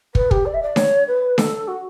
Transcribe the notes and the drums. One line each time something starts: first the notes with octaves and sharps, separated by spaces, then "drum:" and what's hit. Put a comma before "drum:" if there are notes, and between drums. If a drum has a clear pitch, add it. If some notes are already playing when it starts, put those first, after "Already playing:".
B4, drum: kick
G4, drum: kick
D5
E5
D5
C#5, drum: snare D4
B4
A4, drum: snare D4
F#4